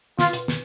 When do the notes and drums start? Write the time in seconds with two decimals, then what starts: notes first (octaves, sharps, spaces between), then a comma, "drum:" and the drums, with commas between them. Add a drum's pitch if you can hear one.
0.19 B2 F4, drum: snare
0.33 B2, drum: hi-hat
0.48 drum: snare